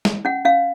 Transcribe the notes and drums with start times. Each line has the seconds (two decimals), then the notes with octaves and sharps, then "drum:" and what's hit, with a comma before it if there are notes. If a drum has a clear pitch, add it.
0.05 drum: snare
0.25 C#4 F#5
0.45 C#4 F5